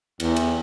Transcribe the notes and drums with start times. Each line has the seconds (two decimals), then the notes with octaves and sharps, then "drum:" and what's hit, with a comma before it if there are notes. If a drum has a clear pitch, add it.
0.20 E2, drum: cymbal
0.36 drum: cymbal